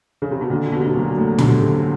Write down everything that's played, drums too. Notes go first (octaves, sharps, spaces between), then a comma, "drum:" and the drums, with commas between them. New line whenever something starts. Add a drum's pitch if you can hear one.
C#3
C3
B2
A#2 D3
B2
C3
B2
A#2 F#3
A#3
A2
B2 D3, drum: tom
C3